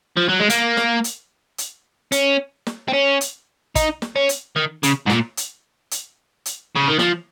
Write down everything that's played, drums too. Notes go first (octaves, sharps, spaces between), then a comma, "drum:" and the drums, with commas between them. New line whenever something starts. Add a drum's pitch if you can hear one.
F3
F#3
G#3
A#3, drum: hi-hat
drum: snare
drum: hi-hat
drum: hi-hat
C#4, drum: hi-hat
drum: snare
C4
C#4
drum: hi-hat
D#4, drum: kick, hi-hat
drum: snare
C#4
drum: hi-hat
D#3
C#3, drum: hi-hat
G#2
A#2, drum: snare
drum: hi-hat
drum: hi-hat
drum: hi-hat
C#3
D#3
F3, drum: snare